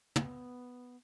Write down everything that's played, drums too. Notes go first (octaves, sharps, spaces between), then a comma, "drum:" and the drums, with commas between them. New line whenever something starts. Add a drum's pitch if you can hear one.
B3, drum: tom